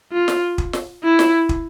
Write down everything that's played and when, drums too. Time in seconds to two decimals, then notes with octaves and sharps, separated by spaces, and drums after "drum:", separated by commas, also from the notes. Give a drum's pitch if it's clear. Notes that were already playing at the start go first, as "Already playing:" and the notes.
0.13 F4
0.28 drum: snare
0.58 drum: kick
0.73 drum: snare
1.04 E4
1.19 drum: snare
1.49 drum: kick